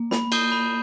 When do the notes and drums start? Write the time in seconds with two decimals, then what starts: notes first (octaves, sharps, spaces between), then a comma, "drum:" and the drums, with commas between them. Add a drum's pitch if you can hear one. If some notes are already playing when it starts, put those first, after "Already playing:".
Already playing: A#3
0.11 B5, drum: snare
0.32 D#6 G6 C7, drum: cymbal
0.52 B5